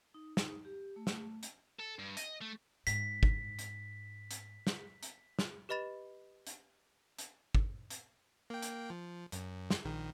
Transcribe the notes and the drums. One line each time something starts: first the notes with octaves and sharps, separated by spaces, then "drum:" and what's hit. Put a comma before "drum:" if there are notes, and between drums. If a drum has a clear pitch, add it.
D#4
D#4, drum: snare
G4
A3
drum: snare
drum: hi-hat
A4
G2
D#5, drum: hi-hat
A3
G#2 B6, drum: hi-hat
drum: kick
drum: hi-hat
drum: hi-hat
drum: snare
drum: hi-hat
drum: snare
G4 B4 D#5 B5 A6 E7
drum: hi-hat
drum: hi-hat
drum: kick
drum: hi-hat
A#3 G5
drum: hi-hat
F3
F#2, drum: hi-hat
drum: snare
A#1 D#3